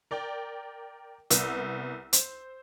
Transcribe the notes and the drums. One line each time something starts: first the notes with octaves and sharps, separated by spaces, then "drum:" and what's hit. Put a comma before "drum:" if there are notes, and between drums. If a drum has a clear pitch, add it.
A#4 D5 G5
C2 B3 E6, drum: hi-hat
C5, drum: hi-hat